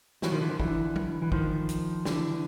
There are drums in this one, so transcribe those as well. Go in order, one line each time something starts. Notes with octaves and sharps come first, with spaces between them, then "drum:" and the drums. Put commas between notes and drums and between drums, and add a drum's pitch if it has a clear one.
E3 F#3, drum: snare
D#3 F3
D3 E3
D#3 F3
D3 E3, drum: kick
drum: tom F#3
E3
D#3 F3, drum: kick
drum: hi-hat
D3 E3, drum: snare